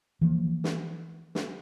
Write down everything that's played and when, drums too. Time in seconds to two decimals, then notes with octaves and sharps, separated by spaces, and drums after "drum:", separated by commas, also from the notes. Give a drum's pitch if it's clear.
0.21 E3 F3 A#3
0.64 drum: snare
1.35 drum: snare